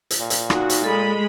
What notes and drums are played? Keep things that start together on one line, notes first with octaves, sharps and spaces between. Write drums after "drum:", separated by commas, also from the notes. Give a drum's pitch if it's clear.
drum: hi-hat
A#2
drum: hi-hat
D#4 F#4, drum: rim click
drum: hi-hat
G#3 A4 B5